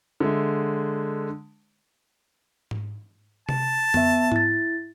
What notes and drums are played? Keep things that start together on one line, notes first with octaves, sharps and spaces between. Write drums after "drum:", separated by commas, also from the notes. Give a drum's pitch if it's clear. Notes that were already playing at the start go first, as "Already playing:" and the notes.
D3 G#3 E5
drum: tom G#2
A5, drum: tom C3
B3 E5, drum: tom F2
E4 A6, drum: tom G#2